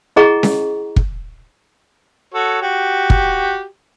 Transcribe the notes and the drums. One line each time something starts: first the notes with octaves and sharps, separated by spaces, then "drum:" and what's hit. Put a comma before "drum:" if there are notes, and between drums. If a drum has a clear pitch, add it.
E4 G#4 D#5 F#5 A#5 C#6
drum: snare C#4
drum: kick
F#4 A4 C#5
F#4 G4
drum: kick